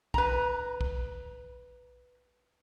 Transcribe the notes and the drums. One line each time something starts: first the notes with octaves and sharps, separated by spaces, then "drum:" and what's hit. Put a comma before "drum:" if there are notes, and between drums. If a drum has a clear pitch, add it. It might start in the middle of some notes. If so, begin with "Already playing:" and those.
B4 A#5, drum: kick
drum: kick